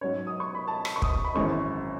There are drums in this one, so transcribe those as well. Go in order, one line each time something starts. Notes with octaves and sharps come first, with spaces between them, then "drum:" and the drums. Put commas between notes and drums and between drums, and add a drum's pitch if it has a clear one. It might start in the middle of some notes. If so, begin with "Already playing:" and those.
G#2 F#3 C#4 C#5
D#6
C#6
B5
A5
drum: rim click
C#6
D#6, drum: kick
B5
G#1 F#2 E3 G#3 C#4 C#6